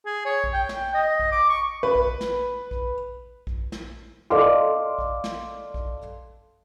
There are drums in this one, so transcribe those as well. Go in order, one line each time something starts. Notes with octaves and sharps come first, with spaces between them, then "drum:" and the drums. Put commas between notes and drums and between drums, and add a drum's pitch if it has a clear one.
G#4
C#5
drum: kick A#1
G5
drum: snare
D#5
drum: kick A#1
D6
C#6
B4
drum: kick A#1
drum: snare
drum: kick A#1
drum: kick A#1
drum: snare
A4 D5 D#5 F5 C6 D6
drum: kick A#1
drum: snare
drum: kick A#1